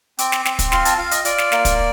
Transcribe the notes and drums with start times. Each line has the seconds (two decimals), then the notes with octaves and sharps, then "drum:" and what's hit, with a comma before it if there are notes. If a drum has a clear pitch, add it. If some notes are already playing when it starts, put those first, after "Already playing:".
0.19 C4 D6, drum: hi-hat
0.32 drum: snare
0.45 C4, drum: snare
0.59 drum: kick, hi-hat
0.72 F4 C6, drum: snare
0.85 A5, drum: hi-hat
0.98 F4 F5
1.11 D#5, drum: hi-hat
1.25 F4 D5, drum: hi-hat
1.38 drum: snare
1.52 A#3, drum: snare
1.65 drum: kick, hi-hat